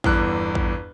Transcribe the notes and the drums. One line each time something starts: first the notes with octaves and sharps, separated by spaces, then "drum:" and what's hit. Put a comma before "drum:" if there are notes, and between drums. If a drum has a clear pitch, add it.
G1 E2 F#6, drum: kick A1
drum: kick A1